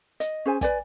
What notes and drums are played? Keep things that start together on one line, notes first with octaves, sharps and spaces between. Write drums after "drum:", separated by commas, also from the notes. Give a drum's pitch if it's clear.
D#5, drum: hi-hat
C#4 G#4 C5 G#5
B4 D5 G#5, drum: kick, hi-hat